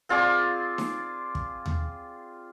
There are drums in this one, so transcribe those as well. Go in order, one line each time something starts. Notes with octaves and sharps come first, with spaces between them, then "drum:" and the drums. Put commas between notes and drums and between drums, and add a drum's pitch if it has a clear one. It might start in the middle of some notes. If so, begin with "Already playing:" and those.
C4 F4 G#4 D5
drum: snare D#4
drum: kick
drum: tom D#2